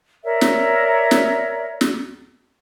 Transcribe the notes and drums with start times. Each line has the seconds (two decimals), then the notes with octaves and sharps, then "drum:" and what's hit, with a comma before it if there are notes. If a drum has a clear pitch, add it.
0.24 A#4 C#5 D5 E5
0.41 drum: snare
1.11 drum: snare
1.81 drum: snare